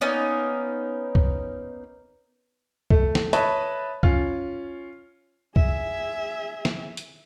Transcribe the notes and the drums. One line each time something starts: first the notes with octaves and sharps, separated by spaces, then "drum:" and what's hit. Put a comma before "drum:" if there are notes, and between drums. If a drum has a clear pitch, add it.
A#3 B3 C#4 D#4
drum: kick
A3, drum: kick
drum: snare
B4 C#5 D#5 E5 A5 B5, drum: hi-hat
C#4 F4, drum: kick
G#4 E5, drum: kick
drum: snare
drum: hi-hat